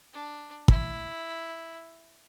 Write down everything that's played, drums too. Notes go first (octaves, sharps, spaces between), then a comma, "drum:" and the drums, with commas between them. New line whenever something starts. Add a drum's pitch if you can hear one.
D4
E4, drum: kick